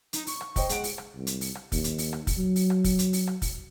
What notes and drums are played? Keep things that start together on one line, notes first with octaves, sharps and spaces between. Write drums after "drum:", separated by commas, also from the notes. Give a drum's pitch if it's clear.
D#4, drum: hi-hat
C#6, drum: open hi-hat
drum: rim click
C5 D#5 G5, drum: kick, open hi-hat
G#3 F#5 D7, drum: hi-hat
drum: open hi-hat
drum: rim click
C2
drum: hi-hat
drum: open hi-hat
drum: rim click
D#2, drum: kick, open hi-hat
drum: hi-hat
drum: open hi-hat
drum: rim click
drum: kick, open hi-hat
F#3
drum: open hi-hat
drum: rim click
drum: kick, open hi-hat
drum: hi-hat
drum: open hi-hat
drum: rim click
drum: kick, open hi-hat